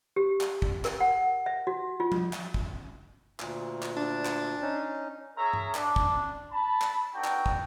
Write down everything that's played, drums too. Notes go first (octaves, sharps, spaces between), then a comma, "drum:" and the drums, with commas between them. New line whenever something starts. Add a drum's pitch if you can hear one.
G4
drum: clap
drum: kick
A#4, drum: clap
F#5
E5
F#4
F4
drum: tom F3
drum: clap
drum: kick
D2 A#2, drum: clap
drum: clap
D4
drum: clap
C#4 D#4
C#4 G#4 A#4 C#5 E5 A#5
drum: tom G2
D4, drum: clap
drum: kick
A5 B5
drum: clap
B3 D4 D#4 F#4 A4 G5
drum: clap
drum: kick